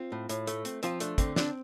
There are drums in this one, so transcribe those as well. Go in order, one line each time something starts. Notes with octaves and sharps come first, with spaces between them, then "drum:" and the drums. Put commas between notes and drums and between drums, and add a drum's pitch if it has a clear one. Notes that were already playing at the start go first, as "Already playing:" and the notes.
Already playing: C4 F4
A2
A2, drum: hi-hat
A3, drum: hi-hat
C4, drum: hi-hat
F3 C4 F4, drum: hi-hat
A3 D4, drum: hi-hat
D3 C4, drum: kick, hi-hat
C4 D4, drum: snare